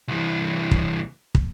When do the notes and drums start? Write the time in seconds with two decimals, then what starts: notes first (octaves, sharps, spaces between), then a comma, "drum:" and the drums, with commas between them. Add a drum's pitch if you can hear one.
0.08 C2 E3
0.71 drum: kick
1.35 drum: kick